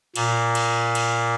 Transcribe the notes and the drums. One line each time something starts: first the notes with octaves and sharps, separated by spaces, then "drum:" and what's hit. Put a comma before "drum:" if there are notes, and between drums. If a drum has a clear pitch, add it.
A#2, drum: cymbal
drum: cymbal
drum: cymbal